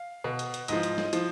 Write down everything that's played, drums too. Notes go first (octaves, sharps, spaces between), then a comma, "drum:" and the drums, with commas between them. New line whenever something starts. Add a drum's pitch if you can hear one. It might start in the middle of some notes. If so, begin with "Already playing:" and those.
Already playing: F5
B2
drum: hi-hat
drum: hi-hat
G#2 F3 D#5, drum: hi-hat
drum: hi-hat
drum: snare
F3, drum: hi-hat